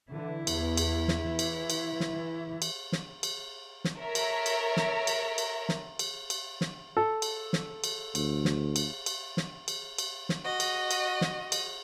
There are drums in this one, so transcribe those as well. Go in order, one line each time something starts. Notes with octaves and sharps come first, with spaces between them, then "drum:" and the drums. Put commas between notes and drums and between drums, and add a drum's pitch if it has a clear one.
D3 E3 E4
E2, drum: cymbal
drum: cymbal
drum: snare
E3
drum: cymbal
drum: cymbal
drum: snare
E3
drum: cymbal
drum: snare
drum: cymbal
drum: snare
A4 A#4 C#5 E5 A#5
drum: cymbal
drum: cymbal
drum: snare
drum: cymbal
drum: cymbal
drum: snare
drum: cymbal
drum: cymbal
drum: snare
A4
drum: cymbal
drum: snare
drum: cymbal
D2, drum: cymbal
drum: snare
drum: cymbal
drum: cymbal
drum: snare
drum: cymbal
drum: cymbal
drum: snare
F#4 D#5
drum: cymbal
drum: cymbal
drum: snare
drum: cymbal